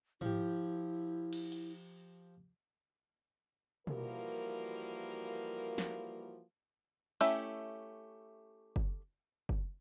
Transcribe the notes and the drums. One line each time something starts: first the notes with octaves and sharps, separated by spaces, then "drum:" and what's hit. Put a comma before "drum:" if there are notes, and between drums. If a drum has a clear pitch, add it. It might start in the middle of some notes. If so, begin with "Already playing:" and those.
F3 E4 G4, drum: tom G#2
drum: cymbal
drum: hi-hat
E3 F3 G3 A#3 F#4 A#4, drum: tom B2
drum: snare
A3 C#4 E4 G4 E5, drum: hi-hat
drum: kick F#1
drum: kick F#1